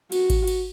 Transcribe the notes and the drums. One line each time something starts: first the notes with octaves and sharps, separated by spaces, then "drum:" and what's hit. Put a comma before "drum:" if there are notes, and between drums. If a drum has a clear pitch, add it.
F#4, drum: cymbal
drum: kick G#1, cymbal
drum: cymbal